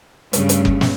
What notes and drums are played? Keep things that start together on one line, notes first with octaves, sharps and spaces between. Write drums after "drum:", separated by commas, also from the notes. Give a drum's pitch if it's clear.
G2 C#3 A3, drum: hi-hat
drum: hi-hat
drum: kick F#1
drum: snare